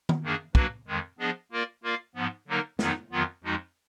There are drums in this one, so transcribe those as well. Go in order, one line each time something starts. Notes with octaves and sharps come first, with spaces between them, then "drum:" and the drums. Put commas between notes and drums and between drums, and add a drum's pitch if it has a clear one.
drum: tom D#3
F#2 D#3 A#3 D4 G#4
F#3 A#3 D4 F#4 B4, drum: kick
F2 D#3 G#3
F3 B3 D4 G#4 D#5
A#3 F4 A#4 D5
A#3 F4 A#4 D5 F5
G#2 F3 B3
D3 F#3 A#3 D#4 A#4
F2 D#3 F#3 B3 D#4, drum: snare
F2 D#3 F#3 B3 F4
F2 F3 G#3 D#4 F#4